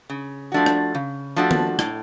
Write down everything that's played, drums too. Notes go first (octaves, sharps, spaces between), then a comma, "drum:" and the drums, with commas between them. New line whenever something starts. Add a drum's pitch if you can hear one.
C#3
F3 A3 D4 F#4
drum: rim click
C#3
F3 A3 D4 F#4
drum: tom
A2, drum: rim click